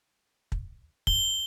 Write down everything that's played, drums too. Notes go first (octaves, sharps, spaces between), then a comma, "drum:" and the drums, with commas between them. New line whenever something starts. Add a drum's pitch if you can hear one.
drum: kick
G7, drum: kick